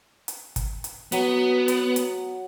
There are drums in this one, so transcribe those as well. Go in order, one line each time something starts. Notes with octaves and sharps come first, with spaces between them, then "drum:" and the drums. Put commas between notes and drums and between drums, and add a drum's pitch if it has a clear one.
drum: hi-hat
drum: kick, hi-hat
drum: hi-hat
F#3 B3, drum: hi-hat
drum: hi-hat
drum: hi-hat